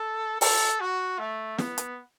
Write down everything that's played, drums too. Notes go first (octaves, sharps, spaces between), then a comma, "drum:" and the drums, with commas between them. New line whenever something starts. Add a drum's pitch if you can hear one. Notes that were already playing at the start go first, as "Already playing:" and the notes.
Already playing: A4
A4, drum: open hi-hat
F#4
A3
B3, drum: snare
drum: hi-hat